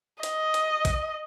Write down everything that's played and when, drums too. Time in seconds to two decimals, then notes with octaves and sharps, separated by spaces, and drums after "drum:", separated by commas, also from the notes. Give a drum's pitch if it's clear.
0.23 D#5, drum: hi-hat
0.54 drum: hi-hat
0.85 drum: kick, hi-hat